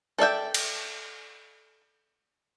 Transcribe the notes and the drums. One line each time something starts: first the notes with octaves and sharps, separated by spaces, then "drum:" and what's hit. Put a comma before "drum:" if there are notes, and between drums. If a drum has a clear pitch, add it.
A4 D5 E5 G5
drum: cymbal